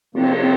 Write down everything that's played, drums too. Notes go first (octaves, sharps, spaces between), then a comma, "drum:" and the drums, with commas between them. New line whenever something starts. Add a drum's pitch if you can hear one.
C3 F3 A#3 C4, drum: cymbal
C4